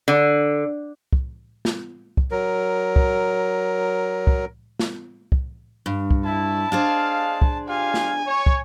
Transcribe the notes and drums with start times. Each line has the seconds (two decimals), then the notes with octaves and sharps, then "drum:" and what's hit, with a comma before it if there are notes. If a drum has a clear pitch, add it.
0.08 D3
1.13 drum: kick
1.65 drum: snare
2.17 drum: kick
2.31 F#3 A#4
2.96 drum: kick
4.27 drum: kick
4.79 drum: snare
5.32 drum: kick
5.86 G2
6.11 drum: kick
6.25 E4 A5
6.72 D4 G#4 C5 D#5 F5
7.42 drum: kick
7.69 F4 G4 F5 G#5
7.94 drum: snare
8.27 C#5
8.46 drum: kick